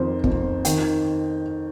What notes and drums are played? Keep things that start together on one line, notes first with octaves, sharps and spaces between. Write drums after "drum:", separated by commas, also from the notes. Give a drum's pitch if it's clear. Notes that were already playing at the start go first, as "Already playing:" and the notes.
Already playing: F2 D#3 C5
F2, drum: kick
D#3 G5, drum: hi-hat